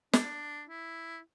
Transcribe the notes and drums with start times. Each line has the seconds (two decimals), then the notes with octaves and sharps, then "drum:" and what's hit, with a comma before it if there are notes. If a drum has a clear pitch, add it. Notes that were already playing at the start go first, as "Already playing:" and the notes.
0.13 D4, drum: snare
0.69 E4